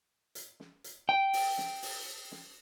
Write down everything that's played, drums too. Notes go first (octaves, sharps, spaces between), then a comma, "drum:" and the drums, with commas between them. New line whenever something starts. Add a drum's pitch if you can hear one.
drum: hi-hat
drum: snare
drum: hi-hat
G5
drum: open hi-hat
drum: snare
drum: open hi-hat
drum: snare